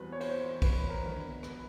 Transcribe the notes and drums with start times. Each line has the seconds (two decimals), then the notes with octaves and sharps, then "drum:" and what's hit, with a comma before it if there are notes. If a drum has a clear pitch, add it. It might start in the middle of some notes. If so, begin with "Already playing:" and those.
Already playing: E2 B2 G3 C4 B4
0.12 C#5
0.21 C5, drum: cymbal
0.62 B4, drum: kick, cymbal
0.90 A#4
1.02 F#2 D3 F#3 B3 B4
1.43 B4, drum: rim click